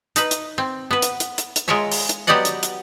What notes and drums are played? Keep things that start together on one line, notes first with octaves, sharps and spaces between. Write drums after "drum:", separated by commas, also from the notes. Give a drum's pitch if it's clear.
D#4 B4, drum: hi-hat
drum: hi-hat
C4
B3 B4
drum: hi-hat
drum: hi-hat
drum: hi-hat
drum: hi-hat
G#3 F4 A#4 C#5 E5
drum: open hi-hat
drum: hi-hat
F#3 B3 G4 D5 D#5 F#5
drum: hi-hat
drum: hi-hat